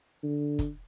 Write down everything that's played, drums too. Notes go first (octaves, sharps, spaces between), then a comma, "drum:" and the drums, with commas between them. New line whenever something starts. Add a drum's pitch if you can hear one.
D3
drum: kick, hi-hat